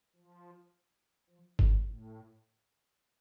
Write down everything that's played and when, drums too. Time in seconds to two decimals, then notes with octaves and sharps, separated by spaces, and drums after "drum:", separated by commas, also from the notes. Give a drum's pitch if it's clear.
0.16 F3
1.30 F3
1.59 D3, drum: kick G1
1.86 A2